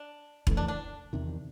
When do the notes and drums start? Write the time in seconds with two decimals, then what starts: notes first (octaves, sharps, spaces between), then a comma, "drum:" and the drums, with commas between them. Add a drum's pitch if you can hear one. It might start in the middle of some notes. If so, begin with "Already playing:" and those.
Already playing: D4
0.47 F2 C#3 E3 A3, drum: kick E1
0.57 D4
0.68 D4
1.13 E2 C3 D#3